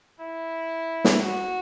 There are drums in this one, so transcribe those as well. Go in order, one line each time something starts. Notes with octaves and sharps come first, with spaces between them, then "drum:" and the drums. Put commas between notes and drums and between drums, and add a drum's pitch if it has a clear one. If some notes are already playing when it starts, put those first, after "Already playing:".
E4
drum: snare
F#4